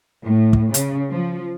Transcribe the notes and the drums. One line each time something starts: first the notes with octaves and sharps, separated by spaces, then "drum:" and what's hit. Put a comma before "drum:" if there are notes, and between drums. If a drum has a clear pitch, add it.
A2
drum: kick
C#3, drum: hi-hat
F3